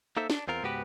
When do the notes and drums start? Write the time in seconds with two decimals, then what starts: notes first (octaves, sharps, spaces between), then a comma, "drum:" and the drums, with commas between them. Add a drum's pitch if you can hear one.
0.17 A#3 D#4 A4 C5 E5
0.30 D4, drum: snare
0.47 E2 C4 F4 A#4
0.63 C#2 G#2 B3 F#4 G4 B4